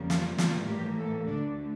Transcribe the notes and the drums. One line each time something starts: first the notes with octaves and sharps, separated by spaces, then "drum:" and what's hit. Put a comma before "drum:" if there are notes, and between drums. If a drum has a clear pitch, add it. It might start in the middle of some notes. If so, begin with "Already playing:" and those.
Already playing: F2 C#3 G3 A#3
F3 F4, drum: snare
A2 E3 F3 G3 A#3 F4, drum: snare
G3 G4
A3 A4
D2 D3 A3 D4 D5